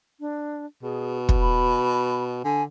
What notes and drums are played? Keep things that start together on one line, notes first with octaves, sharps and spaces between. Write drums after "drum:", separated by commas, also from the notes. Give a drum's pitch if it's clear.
D4
B2 G#4
drum: kick
B5
D3 G#5